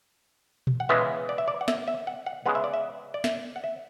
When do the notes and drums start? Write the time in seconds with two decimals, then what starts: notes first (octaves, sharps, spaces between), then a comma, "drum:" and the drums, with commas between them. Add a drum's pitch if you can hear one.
0.67 drum: tom A#2
0.80 F#5
0.89 C#3 E3 G#3 B3 E5
1.29 D5
1.38 E5
1.48 D5
1.61 F#5
1.68 E5, drum: snare
1.88 E5
2.07 F#5
2.26 F#5
2.46 C#3 G#3 B3 F#5
2.55 E5
2.64 D5
2.74 E5
3.14 D5
3.24 E5, drum: snare
3.56 F#5
3.64 E5